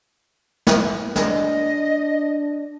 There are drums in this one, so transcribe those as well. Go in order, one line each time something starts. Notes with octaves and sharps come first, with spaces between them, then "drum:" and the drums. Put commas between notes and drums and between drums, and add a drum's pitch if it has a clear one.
drum: snare
D4 D#5, drum: snare